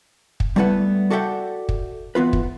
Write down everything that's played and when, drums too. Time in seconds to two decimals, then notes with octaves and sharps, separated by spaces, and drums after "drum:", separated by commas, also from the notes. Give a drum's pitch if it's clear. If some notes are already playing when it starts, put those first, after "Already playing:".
0.40 drum: kick
0.56 G3 A3 B3 E4 B4 F#5
1.10 F#4 A4 D5 E5 F#5 G5
1.69 drum: kick
2.15 E3 B3 F4 B4
2.33 drum: kick